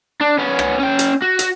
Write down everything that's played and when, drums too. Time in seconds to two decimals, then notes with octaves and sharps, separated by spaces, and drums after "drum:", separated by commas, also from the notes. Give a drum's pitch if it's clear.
0.21 D4
0.39 B3 C#4
0.59 drum: rim click
0.79 C#4 G5
0.99 drum: hi-hat
1.22 F#4
1.39 drum: hi-hat